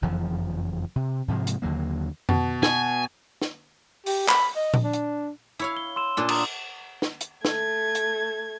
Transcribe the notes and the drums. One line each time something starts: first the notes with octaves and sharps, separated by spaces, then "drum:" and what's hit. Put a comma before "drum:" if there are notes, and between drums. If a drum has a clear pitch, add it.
F#1 F2 E3 F3
C3
G#2 C3 F3 G#3
drum: hi-hat
D#2 D3 F#3 A#3
B2, drum: tom F2
G#5, drum: snare
drum: snare
G4, drum: open hi-hat
B5, drum: clap
D#5
drum: tom A#2
D4
drum: hi-hat
E4 C#5 F5
G7
C6 E6 E7
A#2 D4 F4
A#5 D#6, drum: cymbal
drum: snare
drum: hi-hat
A3 G#6, drum: snare
drum: hi-hat